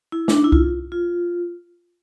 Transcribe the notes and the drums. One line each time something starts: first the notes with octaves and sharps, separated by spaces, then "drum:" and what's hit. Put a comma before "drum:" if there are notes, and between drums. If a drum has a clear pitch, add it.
E4
D4, drum: snare
D#4
E4
F4, drum: kick C2
F4